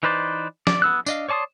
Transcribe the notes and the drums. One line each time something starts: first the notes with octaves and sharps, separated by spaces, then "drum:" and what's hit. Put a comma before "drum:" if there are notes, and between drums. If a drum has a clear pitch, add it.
E3 D#4 B4 C5 D5
D5, drum: snare
B3 E6 F#6
D4 D#5 F5, drum: tambourine
C#5 D5 A5 C6 D#6